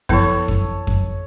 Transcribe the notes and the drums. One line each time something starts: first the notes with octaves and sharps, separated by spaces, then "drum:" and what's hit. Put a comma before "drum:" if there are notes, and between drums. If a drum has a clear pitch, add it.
F3 B3 E4 A4 C#5, drum: kick F2
drum: kick F2
drum: kick F2